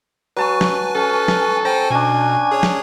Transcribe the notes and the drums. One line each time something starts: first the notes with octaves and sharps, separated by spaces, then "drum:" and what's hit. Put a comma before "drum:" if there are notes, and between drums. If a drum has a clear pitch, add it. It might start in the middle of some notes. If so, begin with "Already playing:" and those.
F#3 B4 G#5 A5 C#6
drum: snare
C#4 A4
drum: snare
C5 G5 G#5 A#5
B2 C#4 D4 G#5
G#4 C#5
drum: snare